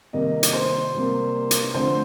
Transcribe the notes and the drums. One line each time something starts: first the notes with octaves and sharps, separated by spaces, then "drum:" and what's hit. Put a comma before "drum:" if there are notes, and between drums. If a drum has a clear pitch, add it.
C3 D#3 G3 A#3 D#5
drum: hi-hat
C5
C3 G3 A#3
drum: hi-hat
D3 F3 A3 C4 C5